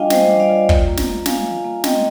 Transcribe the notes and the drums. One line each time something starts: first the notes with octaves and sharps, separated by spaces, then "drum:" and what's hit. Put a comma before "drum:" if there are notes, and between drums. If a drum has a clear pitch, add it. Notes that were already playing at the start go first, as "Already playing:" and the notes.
Already playing: G3 D4 F4 D#5 F5 G5 G#5
G3 C5 D#5, drum: snare
D4
D5 F5
F4
F4, drum: kick
A#3
drum: snare
A#3
F4 F5 G#5, drum: snare
F4
A#3
C4 D#5 G5, drum: snare